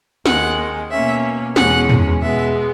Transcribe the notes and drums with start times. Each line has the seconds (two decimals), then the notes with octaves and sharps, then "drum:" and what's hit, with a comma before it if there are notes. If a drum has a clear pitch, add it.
0.26 D#2 D#3 G#3 F#5, drum: snare
0.91 B2 A#3 C#4 E5
1.56 E2 B2 G#3 C#4 F#5, drum: snare
1.89 drum: tom
2.22 B2 G#3 B3 E5